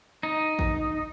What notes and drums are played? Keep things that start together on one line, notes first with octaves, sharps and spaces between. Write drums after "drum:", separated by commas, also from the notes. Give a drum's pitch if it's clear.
D#4
drum: kick